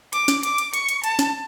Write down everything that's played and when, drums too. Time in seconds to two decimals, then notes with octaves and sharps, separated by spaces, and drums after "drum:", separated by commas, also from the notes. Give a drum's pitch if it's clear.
0.13 D6, drum: hi-hat
0.28 drum: snare
0.43 D6, drum: hi-hat
0.58 drum: hi-hat
0.74 C#6, drum: hi-hat
0.89 drum: hi-hat
1.04 A5, drum: hi-hat
1.19 drum: snare